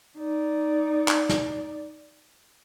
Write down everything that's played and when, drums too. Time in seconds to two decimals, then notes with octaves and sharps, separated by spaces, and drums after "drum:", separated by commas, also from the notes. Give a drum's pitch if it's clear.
0.18 D#4 D5
1.08 drum: clap
1.29 drum: snare